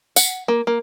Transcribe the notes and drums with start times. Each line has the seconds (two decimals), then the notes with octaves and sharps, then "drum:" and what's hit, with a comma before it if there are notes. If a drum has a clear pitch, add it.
0.16 F#5, drum: tambourine
0.48 A#3
0.67 A#3